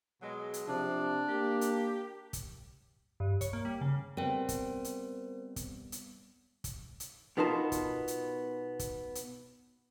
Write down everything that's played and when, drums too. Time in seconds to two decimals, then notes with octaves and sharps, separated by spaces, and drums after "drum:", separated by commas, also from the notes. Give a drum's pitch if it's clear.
0.22 B2 F#3 G#3
0.54 drum: hi-hat
0.68 C3 F3 D4
1.29 A#3 G4
1.61 drum: hi-hat
2.33 drum: kick, hi-hat
3.20 G2
3.41 C#5, drum: kick, hi-hat
3.53 A#3
3.65 G3
3.81 C#3
4.17 G3 B3 C4 A#4 C5
4.49 drum: kick, hi-hat
4.84 drum: hi-hat
5.56 drum: kick, hi-hat
5.92 drum: hi-hat
6.64 drum: kick, hi-hat
7.00 drum: hi-hat
7.37 B2 B3 D#4 F4 A#4 A5
7.72 drum: kick, hi-hat
8.08 drum: hi-hat
8.79 drum: kick, hi-hat
9.15 drum: hi-hat